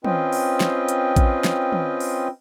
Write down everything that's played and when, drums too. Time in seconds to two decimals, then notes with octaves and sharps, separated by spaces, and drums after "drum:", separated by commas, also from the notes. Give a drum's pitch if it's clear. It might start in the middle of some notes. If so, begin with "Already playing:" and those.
0.05 C4 C#4 F4 B4 D#5 G5, drum: tom
0.33 drum: open hi-hat
0.60 drum: snare
0.88 drum: hi-hat
1.16 drum: kick A#1, hi-hat
1.44 drum: snare
1.72 drum: tom
2.00 drum: open hi-hat